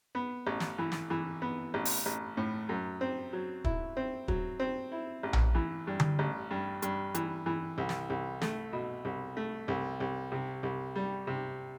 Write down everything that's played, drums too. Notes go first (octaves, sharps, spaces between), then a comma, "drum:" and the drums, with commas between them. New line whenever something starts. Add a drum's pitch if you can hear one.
B3
A1
drum: snare
E3
drum: snare
E3
B3
A1
drum: open hi-hat
A1
A2
F#2
C4
F#3
E4, drum: kick
C4
F#3, drum: kick
C4
E4
A1
drum: tom A#1
E3
G2
drum: tom D3
A1
G2
G2, drum: hi-hat
E3, drum: hi-hat
E3
C2
drum: snare
C2
A3, drum: snare
B2
C2
A3
C2
C2
C3
C2
G3
C3